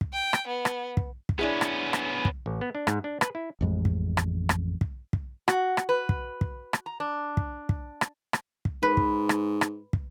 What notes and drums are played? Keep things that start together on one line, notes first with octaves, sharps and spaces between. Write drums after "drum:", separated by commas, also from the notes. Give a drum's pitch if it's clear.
drum: kick
G5
drum: rim click
B3
drum: rim click
drum: kick
drum: kick
B3 C#4 D4 E4 G#4
drum: rim click
drum: rim click
drum: kick
A1
B3
D4
G#2, drum: rim click
D4
B4, drum: rim click
E4
A1 F2 G#3
drum: kick
drum: rim click
drum: rim click
drum: kick
drum: kick
F#4, drum: rim click
drum: rim click
B4
drum: kick
drum: kick
drum: rim click
A#5
D4
drum: kick
drum: kick
drum: rim click
drum: rim click
drum: kick
G#2 B4
drum: kick
drum: rim click
drum: rim click
drum: kick